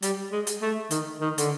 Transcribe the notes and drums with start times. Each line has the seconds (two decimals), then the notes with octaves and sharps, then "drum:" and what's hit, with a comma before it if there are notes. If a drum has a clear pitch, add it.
0.03 G3, drum: hi-hat
0.32 G#3
0.47 drum: hi-hat
0.62 A3
0.91 D#3, drum: hi-hat
1.21 D#3
1.38 D3, drum: hi-hat